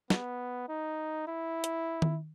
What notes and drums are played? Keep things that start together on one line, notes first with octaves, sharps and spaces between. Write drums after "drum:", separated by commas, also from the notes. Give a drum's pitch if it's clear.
B3, drum: snare
D#4
E4
drum: hi-hat
drum: tom D#3